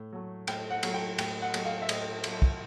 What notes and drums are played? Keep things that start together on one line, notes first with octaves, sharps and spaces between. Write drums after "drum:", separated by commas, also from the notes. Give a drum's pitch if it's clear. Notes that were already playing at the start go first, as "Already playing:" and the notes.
Already playing: A2
F#3 A3
A2 G5, drum: cymbal
F#5
F#3 A3, drum: cymbal
G5
A2 G5, drum: cymbal
F#5
F#3 A3, drum: cymbal
F5
E5
A2 D#5, drum: cymbal
F#3 A3, drum: cymbal
drum: kick